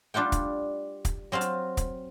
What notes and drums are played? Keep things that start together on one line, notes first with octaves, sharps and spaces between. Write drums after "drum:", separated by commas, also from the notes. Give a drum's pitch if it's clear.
G3 D4 F4 F#5 G5
drum: kick, hi-hat
drum: kick, hi-hat
F#3 C4 F5 A5
drum: hi-hat
drum: kick, hi-hat